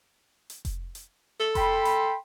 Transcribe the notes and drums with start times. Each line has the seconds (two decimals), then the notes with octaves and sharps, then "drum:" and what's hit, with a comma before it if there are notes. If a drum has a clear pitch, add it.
0.50 drum: hi-hat
0.65 drum: kick F1, hi-hat
0.95 drum: hi-hat
1.40 A4
1.55 G5 B5 C6, drum: kick F1, hi-hat
1.85 drum: hi-hat